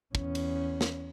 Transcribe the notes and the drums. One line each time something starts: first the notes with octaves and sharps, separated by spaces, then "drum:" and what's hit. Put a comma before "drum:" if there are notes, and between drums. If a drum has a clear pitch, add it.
E2 C#4, drum: kick
drum: cymbal
drum: snare